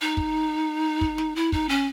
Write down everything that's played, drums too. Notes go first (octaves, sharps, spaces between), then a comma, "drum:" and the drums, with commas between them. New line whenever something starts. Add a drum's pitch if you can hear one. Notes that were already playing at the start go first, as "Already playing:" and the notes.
D#4
drum: kick
drum: kick
drum: snare
E4
D#4, drum: kick
C#4